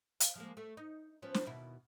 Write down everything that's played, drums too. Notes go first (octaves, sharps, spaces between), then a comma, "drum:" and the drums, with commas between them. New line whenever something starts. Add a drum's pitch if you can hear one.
F5, drum: hi-hat
F3 G#3 A#3
A3
D#4
F3 B3 C#4
drum: snare
D#2 B2 E4